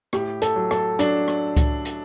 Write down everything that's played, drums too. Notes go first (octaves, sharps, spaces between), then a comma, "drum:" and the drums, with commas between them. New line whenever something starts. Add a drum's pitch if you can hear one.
A2 G4, drum: rim click
A4, drum: hi-hat
F#3
A4, drum: rim click
F#3 D4, drum: hi-hat
drum: rim click
drum: kick C#2, hi-hat
drum: hi-hat